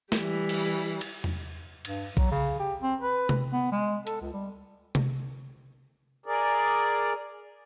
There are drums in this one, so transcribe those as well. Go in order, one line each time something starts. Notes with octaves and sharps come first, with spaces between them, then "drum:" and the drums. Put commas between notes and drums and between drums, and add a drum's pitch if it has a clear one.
E3 G3, drum: snare
drum: cymbal
drum: cymbal
drum: tom E2
G2, drum: cymbal
F#3, drum: kick A#1
C#3
G4
C4
B4
drum: tom C3
B3
G#3
A4, drum: hi-hat
C#2
G3
drum: tom C3
G#4 A#4 D5